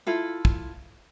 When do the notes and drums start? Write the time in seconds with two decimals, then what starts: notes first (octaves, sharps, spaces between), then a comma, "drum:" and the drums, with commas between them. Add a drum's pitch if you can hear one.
0.07 E4 F4 A4
0.45 drum: kick